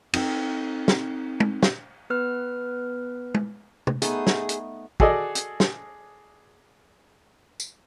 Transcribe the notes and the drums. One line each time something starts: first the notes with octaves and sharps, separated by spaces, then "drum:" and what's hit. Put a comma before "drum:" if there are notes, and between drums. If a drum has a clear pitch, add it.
C4 D#4 A4 G5, drum: cymbal
drum: snare
drum: tom
drum: snare
B3 B4 F6
drum: tom
drum: tom
A3 B3 D#4 G#4, drum: hi-hat
drum: snare
drum: hi-hat
F#4 G#4 A4 D5 D#5, drum: kick
drum: hi-hat
drum: snare
drum: tambourine